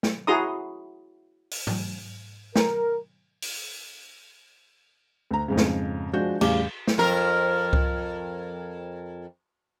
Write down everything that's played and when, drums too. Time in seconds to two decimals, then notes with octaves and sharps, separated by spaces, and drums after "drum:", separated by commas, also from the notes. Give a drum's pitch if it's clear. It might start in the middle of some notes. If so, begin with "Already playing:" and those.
0.03 drum: snare
0.27 E4 F#4 G#4 A#5 C6 D#6
1.51 drum: open hi-hat
1.67 drum: tom G#2
2.56 A#4, drum: snare
3.42 drum: open hi-hat
5.31 D2 A#5
5.48 F2 G#2 C#3
5.57 drum: snare
6.13 F3 G#3 D4 F#4 G6
6.41 E2 A2 C#3 G3 F5 D6, drum: cymbal
6.87 drum: snare
6.98 F2 A#4
7.73 drum: kick C2